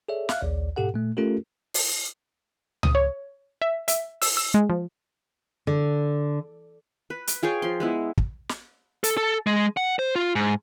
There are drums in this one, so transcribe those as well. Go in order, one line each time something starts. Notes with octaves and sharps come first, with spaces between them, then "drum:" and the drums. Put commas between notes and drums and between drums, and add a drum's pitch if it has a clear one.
G#4 A4 C#5 D5 E5
E5 F5 F6 F#6, drum: snare
A#1 D#2 D5
G#2 B2 G4 A4 F#5
A#2 A3
A3 C#4 F4 G4 A4 A#4
drum: open hi-hat
D#6, drum: tom C#2
C#5
E5
E5, drum: hi-hat
E6, drum: open hi-hat
E6
G#3
F3
D3
B4
drum: hi-hat
F4 G#4 C#5 G5
F3 C6
G#3 B3 E4
drum: kick
drum: snare
A4, drum: hi-hat
A4
G#3
F#5
C5
F4
G#2